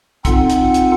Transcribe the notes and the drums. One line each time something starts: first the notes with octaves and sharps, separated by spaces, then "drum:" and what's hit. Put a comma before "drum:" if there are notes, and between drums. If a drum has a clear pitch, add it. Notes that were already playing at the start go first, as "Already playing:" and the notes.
C4 D#4 F4 A4 F#5, drum: kick, hi-hat
drum: hi-hat
drum: hi-hat